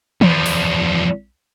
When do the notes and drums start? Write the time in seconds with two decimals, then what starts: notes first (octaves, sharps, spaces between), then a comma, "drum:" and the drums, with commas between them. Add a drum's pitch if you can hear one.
0.21 E2 F3, drum: tom
0.46 drum: open hi-hat